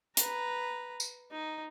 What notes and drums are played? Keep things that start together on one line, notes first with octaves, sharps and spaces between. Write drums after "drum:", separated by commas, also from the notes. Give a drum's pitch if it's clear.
B4 A#5, drum: hi-hat
drum: tambourine
D#4